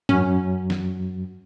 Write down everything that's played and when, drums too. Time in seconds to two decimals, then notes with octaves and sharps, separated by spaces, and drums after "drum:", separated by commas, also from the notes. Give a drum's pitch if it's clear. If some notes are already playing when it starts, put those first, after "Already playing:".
0.09 F#2 F#3 C#4, drum: tom G#2
0.70 drum: snare